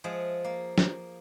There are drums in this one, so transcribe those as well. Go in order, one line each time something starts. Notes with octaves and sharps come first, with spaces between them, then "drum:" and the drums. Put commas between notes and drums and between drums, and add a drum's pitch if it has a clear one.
F3 G#3 G#4 E5
A#3
drum: snare